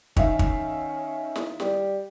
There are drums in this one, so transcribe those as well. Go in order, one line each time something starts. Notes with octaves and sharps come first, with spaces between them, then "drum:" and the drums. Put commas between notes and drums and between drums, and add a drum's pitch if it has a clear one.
D#3 C#4 E5 F5, drum: kick
drum: kick
drum: snare
G3, drum: snare